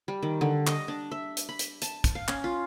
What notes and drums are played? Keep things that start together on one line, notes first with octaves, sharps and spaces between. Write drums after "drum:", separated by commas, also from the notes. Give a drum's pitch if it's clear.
G3
D#3
D3
D#5, drum: clap
D4
E5
drum: hi-hat
B5
drum: hi-hat
A5, drum: hi-hat
drum: kick, hi-hat
F5
C#4, drum: clap
F4